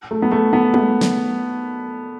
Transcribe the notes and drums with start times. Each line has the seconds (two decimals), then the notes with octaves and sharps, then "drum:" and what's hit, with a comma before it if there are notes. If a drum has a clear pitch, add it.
0.11 A3
0.22 B3
0.32 A3
0.53 B3
0.74 A3, drum: tom
1.01 drum: snare